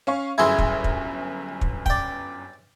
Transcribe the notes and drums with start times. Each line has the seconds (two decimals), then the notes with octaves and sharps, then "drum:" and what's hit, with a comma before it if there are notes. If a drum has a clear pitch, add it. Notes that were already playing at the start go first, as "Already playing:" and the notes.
0.07 C#4 F5 C#6
0.38 G1 F#2 E4 G#4 C6 G#6
0.59 drum: kick
0.84 drum: kick
1.61 drum: kick
1.86 D5 G5, drum: kick